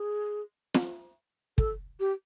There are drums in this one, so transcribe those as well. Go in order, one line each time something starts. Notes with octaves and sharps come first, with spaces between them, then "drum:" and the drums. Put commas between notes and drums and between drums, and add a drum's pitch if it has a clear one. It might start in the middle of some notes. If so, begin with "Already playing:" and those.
Already playing: G#4
drum: snare
A4, drum: kick
G4